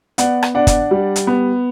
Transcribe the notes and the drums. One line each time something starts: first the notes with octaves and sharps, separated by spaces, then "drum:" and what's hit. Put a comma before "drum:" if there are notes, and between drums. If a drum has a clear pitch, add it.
B3 D5 F#5, drum: hi-hat
drum: rim click
D4 D5 F#5
drum: kick G1, hi-hat
G3
drum: hi-hat
B3